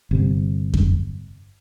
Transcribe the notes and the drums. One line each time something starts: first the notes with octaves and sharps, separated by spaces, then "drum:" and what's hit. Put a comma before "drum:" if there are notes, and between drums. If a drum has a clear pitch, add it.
G1 C3
drum: kick F2